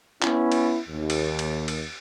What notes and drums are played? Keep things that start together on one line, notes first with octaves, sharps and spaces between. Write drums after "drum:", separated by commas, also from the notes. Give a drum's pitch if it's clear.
B3 C#4 E4, drum: clap
drum: cymbal
D#2
drum: cymbal
drum: cymbal
drum: cymbal